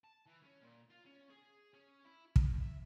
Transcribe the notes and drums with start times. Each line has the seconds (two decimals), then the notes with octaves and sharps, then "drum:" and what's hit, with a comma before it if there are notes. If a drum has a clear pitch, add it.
0.04 A5
0.27 E3
0.44 C#4
0.62 A#2
0.91 F4
1.06 C#4
1.30 G#4
1.74 C#4
2.05 E4
2.36 E2, drum: kick
2.60 E5